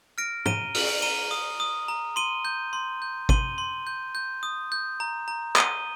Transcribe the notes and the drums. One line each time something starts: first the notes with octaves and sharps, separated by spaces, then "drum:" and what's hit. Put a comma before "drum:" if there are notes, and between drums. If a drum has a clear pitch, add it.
F6 A#6 D7
A#5 D#7 G7, drum: tom
F6, drum: open hi-hat
A#5 D#7 G7
D#6
D#6
A#5
C6 D#7 G7
G6
C6
G6
C6 D#7 G7, drum: kick G#1
C6
G6
G6
D#6
G6
A#5
A#5
D#6 D#7 G7, drum: clap